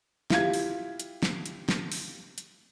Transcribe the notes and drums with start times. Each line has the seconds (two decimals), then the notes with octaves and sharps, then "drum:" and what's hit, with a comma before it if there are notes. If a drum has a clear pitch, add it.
0.30 E4 F4 G4 G#6, drum: snare
0.53 drum: open hi-hat
1.00 drum: hi-hat
1.23 drum: snare
1.46 drum: hi-hat
1.69 drum: snare
1.92 drum: open hi-hat
2.38 drum: hi-hat